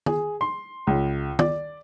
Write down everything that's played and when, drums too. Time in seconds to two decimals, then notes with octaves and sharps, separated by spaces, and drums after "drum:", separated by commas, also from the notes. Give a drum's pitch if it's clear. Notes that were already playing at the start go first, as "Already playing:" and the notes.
0.06 G#4, drum: tom
0.41 C6
0.87 C#2
1.39 D5, drum: tom